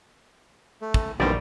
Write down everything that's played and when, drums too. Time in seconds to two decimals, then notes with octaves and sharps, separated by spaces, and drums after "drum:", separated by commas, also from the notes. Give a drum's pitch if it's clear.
0.81 A3
0.94 drum: kick
1.20 A#1 F#2 B2 D3 D#3 G3 C4 D5